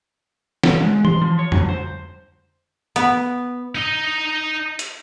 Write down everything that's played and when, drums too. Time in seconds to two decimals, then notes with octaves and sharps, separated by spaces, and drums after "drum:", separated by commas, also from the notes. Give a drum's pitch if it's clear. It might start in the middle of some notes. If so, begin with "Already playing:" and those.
0.63 drum: snare
0.84 G#3
1.05 C6, drum: tom E3
1.22 F3
1.39 C#5
1.52 F#3, drum: tom F2
1.69 C5
2.96 B3, drum: hi-hat
3.75 D#4 D#5
4.79 drum: hi-hat